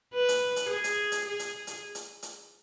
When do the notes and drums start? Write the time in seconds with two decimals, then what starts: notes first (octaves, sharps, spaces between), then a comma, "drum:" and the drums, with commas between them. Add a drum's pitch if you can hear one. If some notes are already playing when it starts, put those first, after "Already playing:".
0.15 B4
0.29 drum: hi-hat
0.56 drum: hi-hat
0.70 G#4
0.84 drum: hi-hat
1.12 drum: hi-hat
1.25 G#4
1.39 drum: hi-hat
1.67 drum: hi-hat
1.95 drum: hi-hat
2.23 drum: hi-hat